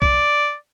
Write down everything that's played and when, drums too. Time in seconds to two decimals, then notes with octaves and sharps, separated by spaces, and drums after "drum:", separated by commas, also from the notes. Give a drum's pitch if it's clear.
0.02 D5, drum: kick